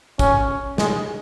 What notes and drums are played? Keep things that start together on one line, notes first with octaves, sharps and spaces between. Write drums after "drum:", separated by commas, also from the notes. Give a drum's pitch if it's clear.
C#4, drum: kick, tambourine
G#3, drum: snare